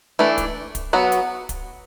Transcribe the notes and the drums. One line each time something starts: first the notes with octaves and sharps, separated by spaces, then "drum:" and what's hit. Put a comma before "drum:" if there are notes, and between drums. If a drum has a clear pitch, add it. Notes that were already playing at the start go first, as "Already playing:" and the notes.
E3 A3 D4
drum: kick, hi-hat
drum: kick, hi-hat
F#3 B3 F#4
drum: hi-hat
drum: kick, hi-hat